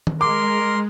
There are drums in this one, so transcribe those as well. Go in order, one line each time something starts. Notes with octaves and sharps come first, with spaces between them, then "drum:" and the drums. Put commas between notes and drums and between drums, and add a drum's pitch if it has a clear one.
drum: tom D#3
G#3 A#4 C6 D6